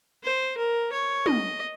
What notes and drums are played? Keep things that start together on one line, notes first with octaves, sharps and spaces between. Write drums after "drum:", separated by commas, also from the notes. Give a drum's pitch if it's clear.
C5
A#4
C#5
D#5, drum: tom